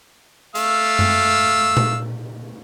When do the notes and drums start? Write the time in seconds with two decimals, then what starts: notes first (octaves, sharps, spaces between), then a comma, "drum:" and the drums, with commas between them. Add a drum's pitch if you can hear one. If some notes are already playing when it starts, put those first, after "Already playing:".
0.55 A3 F5 E6, drum: hi-hat
0.99 drum: tom F#2
1.77 drum: tom A#2